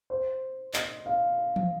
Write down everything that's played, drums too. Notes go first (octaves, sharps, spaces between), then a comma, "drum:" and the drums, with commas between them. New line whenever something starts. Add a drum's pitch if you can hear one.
C5
D#5, drum: clap
F5
drum: tom E3